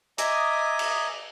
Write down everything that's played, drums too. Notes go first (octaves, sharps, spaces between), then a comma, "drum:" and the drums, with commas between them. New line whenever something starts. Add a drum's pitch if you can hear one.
D#5 E5 G#5 A#5 D6 D#6, drum: hi-hat
drum: cymbal